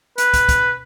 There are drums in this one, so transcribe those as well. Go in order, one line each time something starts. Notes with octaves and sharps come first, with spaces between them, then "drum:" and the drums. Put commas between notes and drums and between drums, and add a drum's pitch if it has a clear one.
B4, drum: hi-hat
drum: kick, hi-hat
drum: kick, hi-hat